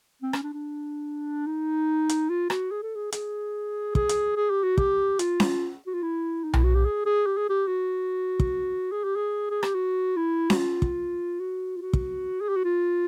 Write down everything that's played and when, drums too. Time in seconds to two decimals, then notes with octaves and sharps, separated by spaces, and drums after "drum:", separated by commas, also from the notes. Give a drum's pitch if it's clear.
0.22 C4
0.33 C#4, drum: rim click
0.43 D4
0.53 D4
1.47 D#4
2.09 drum: hi-hat
2.30 F4
2.50 F#4, drum: rim click
2.71 G#4
2.83 A4
2.95 G#4
3.12 G#4, drum: hi-hat
3.95 G#4, drum: kick
4.09 drum: hi-hat
4.36 G#4
4.50 G4
4.63 F#4
4.78 G4, drum: kick
5.19 F4, drum: hi-hat
5.40 drum: snare C#4
5.87 F#4
5.94 F4
6.02 E4
6.44 D#4
6.54 E4, drum: tom B1
6.64 F#4
6.75 G4
6.85 G#4
7.06 G#4
7.26 G4
7.37 G#4
7.49 G4
7.67 F#4
8.40 drum: kick
8.92 G#4
9.04 G4
9.16 G#4
9.50 G#4
9.63 G4, drum: rim click
9.75 F#4
10.17 E4
10.50 F#4, drum: snare C#4
10.57 F4
10.82 drum: kick
11.40 F#4
11.77 F4
11.81 F#4
11.93 drum: kick
12.41 G#4
12.49 G4
12.56 F#4
12.64 F4